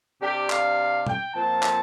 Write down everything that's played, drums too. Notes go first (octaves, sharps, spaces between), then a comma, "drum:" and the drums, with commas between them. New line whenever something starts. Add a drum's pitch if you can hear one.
C3 G3 D4 G4
F5, drum: clap
G5, drum: tom B2
A#2 F3 C4 A5
drum: clap